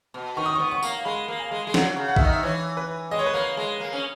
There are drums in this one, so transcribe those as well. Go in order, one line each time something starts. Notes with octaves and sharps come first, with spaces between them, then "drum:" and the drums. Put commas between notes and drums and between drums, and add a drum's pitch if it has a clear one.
B2
D#3 C#6
D#6
B3 C#6
C#6
A#3, drum: tambourine
G#3 B5
A#3
G#5
G#3
G#3
F#3 F#5, drum: snare
C#3
F#5
E5, drum: kick A1
D#3 D#5
E5
E3 C#5
B4
G#3 D#5
C#5
B4
A#3 C#5
G#3
A#3
C#4